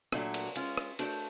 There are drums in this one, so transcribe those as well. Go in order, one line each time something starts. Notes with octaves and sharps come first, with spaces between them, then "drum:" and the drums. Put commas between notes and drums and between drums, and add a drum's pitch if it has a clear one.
A#2 F#3 A3 D4 F#4, drum: rim click
drum: cymbal
G#3 C#4 F4, drum: cymbal
drum: rim click
A3 D4 F#4 A4 C5, drum: cymbal